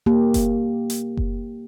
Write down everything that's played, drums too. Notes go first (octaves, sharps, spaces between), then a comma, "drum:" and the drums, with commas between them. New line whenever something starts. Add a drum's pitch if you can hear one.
A#3 G4
drum: kick F#1, hi-hat
drum: hi-hat
drum: kick F#1